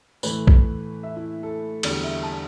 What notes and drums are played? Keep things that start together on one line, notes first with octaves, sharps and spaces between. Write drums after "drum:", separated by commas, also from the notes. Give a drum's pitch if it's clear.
A2 E3 A3 B4, drum: tambourine
drum: kick A#1
E5
E4
A4
E2 D3 G3 D5, drum: cymbal
E5
A5